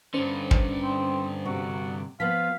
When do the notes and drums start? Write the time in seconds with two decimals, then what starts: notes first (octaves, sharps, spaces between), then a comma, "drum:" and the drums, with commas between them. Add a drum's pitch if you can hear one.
0.14 G2 D3 C#4 C5
0.51 drum: kick
0.82 C4
1.45 C3 F#4
2.20 F3 B3 F5 B6